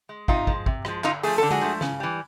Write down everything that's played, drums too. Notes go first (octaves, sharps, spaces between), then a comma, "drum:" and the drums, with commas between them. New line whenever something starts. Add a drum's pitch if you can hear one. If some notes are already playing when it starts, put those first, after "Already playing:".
G#3
C3 D#4 F4, drum: kick
F3 G#3, drum: kick
C3, drum: kick
F3 G#3, drum: rim click
D3 D#4 F4, drum: clap
F3 A3 G#4, drum: open hi-hat
D3 A4
F#4 G#4, drum: tom G#3
F3 A3
C#3, drum: snare
E3 G3